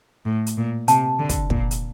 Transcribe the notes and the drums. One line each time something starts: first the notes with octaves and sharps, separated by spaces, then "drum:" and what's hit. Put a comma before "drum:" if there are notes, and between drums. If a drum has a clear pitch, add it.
A2
drum: hi-hat
A#2
C3 A5, drum: hi-hat
D3
drum: kick, hi-hat
A#2, drum: kick
drum: hi-hat